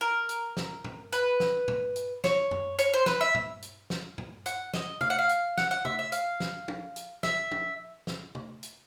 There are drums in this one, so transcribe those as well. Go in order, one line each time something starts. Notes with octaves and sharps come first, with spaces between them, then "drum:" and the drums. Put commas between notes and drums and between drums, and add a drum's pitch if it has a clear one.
A#4
drum: hi-hat
drum: snare
drum: tom G2
B4, drum: hi-hat
drum: snare
drum: tom G2
drum: hi-hat
C#5, drum: snare
drum: tom F#2
C#5, drum: hi-hat
C5
B4, drum: snare
E5
drum: tom G2
drum: hi-hat
drum: snare
drum: tom G2
F#5, drum: hi-hat
D#5, drum: snare
F5, drum: tom C3
F#5
F5
drum: hi-hat
F#5, drum: snare
F#5
E5, drum: tom C3
E5
F5, drum: hi-hat
drum: snare
drum: tom
drum: hi-hat
E5, drum: snare
drum: tom
drum: snare
drum: tom C3
drum: hi-hat